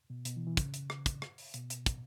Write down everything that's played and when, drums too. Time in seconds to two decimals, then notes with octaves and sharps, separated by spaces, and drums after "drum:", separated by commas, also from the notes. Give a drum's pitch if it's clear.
0.10 B2
0.25 B2, drum: hi-hat
0.36 E3
0.47 E3
0.57 C#3, drum: kick, hi-hat
0.74 drum: hi-hat
0.90 drum: rim click
1.06 drum: kick, hi-hat
1.22 drum: rim click
1.38 drum: open hi-hat
1.54 B2, drum: hi-hat
1.70 drum: hi-hat
1.86 drum: kick, hi-hat